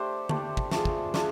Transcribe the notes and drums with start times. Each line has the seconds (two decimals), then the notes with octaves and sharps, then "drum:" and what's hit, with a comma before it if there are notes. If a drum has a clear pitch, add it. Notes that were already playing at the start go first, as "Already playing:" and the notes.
Already playing: A3 D4 G4 C5
0.29 A3 D4 G4 C5, drum: tom D3
0.57 drum: kick
0.71 A3 D4 F4 G#4, drum: snare
0.85 drum: kick
1.14 A3 D4 F4 G#4, drum: snare